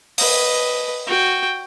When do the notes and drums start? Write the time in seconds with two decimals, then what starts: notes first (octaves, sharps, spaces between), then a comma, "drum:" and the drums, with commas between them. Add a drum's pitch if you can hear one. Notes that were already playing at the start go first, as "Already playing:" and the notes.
0.18 B4 D#5, drum: open hi-hat
1.07 F#4 G5